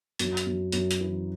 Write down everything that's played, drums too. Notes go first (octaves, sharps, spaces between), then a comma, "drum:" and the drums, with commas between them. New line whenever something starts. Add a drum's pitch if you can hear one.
F#2, drum: hi-hat
drum: hi-hat
F#2
F#2, drum: hi-hat
drum: hi-hat
E3